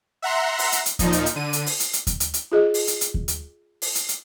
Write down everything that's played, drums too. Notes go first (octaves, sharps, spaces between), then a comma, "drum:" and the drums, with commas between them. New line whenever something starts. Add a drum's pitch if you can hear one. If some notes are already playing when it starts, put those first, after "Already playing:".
E5 F#5 A#5 C6
drum: open hi-hat
drum: hi-hat
drum: hi-hat
A#2 F3 D#4, drum: kick D#2, hi-hat
drum: hi-hat
drum: hi-hat
D3 D#7
drum: hi-hat
drum: open hi-hat
drum: hi-hat
drum: hi-hat
drum: kick D#2, hi-hat
drum: hi-hat
drum: hi-hat
F4 G#4 D#5
drum: open hi-hat
drum: hi-hat
drum: hi-hat
drum: kick D#2
drum: hi-hat
drum: open hi-hat
drum: hi-hat
drum: hi-hat